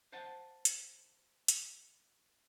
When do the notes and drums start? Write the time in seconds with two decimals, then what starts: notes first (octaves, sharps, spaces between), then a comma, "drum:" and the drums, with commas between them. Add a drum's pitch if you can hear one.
0.12 C5 F5 F#5 A5
0.65 drum: hi-hat
1.48 drum: hi-hat